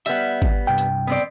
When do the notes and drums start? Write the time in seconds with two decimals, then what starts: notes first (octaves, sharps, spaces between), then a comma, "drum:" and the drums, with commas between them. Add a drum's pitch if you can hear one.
0.06 G3 B3 E5, drum: hi-hat
0.42 drum: kick G#1
0.67 C2 G2 G5
0.78 drum: hi-hat
1.07 B3 C4 D5